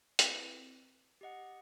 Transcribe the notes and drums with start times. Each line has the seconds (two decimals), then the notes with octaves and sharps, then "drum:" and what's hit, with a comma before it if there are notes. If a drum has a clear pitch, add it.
0.19 C4 E4 B4, drum: hi-hat
1.21 G4 D#5 F#5